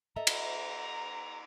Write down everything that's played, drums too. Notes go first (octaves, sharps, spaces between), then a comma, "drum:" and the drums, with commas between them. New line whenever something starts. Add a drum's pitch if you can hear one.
A4 D#5 E5 A#5
drum: cymbal